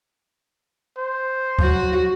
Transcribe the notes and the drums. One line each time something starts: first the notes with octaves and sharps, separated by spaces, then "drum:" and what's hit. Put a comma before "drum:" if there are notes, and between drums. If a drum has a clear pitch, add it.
C5
F#3 F#4, drum: kick D2